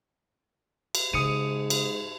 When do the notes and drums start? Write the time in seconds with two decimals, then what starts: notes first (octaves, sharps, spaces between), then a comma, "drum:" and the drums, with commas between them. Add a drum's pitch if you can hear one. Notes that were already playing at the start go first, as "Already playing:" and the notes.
0.95 drum: cymbal
1.14 G#2 C#3 D#6 C#7 D#7
1.70 drum: cymbal